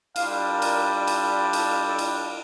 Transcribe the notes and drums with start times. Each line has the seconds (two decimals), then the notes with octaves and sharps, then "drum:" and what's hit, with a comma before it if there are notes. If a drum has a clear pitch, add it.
0.16 G3 D4 F4 F5, drum: cymbal
0.50 A#4
0.62 drum: cymbal
1.07 drum: cymbal
1.53 A4, drum: cymbal
1.87 A4
1.99 drum: cymbal